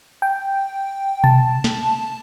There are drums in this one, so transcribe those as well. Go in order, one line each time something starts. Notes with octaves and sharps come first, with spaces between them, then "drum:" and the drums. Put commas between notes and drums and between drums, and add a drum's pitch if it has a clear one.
G5
A5, drum: tom B2
drum: snare